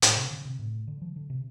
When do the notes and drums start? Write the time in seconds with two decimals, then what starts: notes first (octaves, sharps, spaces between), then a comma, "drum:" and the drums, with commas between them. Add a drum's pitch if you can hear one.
0.02 A2, drum: hi-hat
0.16 C3
0.31 D3
0.45 C3
0.59 A2
0.87 D3
1.02 F3
1.16 D3
1.30 C3